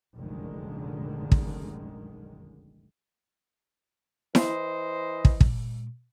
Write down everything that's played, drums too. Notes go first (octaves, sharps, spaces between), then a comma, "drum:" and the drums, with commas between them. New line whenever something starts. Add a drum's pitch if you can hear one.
F1 A#1 F#2 D3 D#3 G#3
drum: kick
E3 C5 D#5, drum: snare E4
drum: kick
A#2 G#3, drum: kick